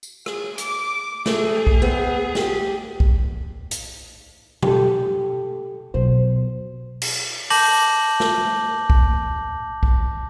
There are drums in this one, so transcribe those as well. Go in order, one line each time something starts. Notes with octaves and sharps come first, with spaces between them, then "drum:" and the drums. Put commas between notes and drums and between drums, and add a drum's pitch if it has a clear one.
drum: tambourine
G#4, drum: rim click
D6, drum: hi-hat
A3 G#4, drum: snare
drum: kick
B3 C4
G4, drum: snare
drum: kick
drum: hi-hat
G4 A4, drum: tom B2
B2 F#3 C5
drum: cymbal
A5 D6 G6 A#6 F#7, drum: open hi-hat
drum: snare
drum: kick
drum: kick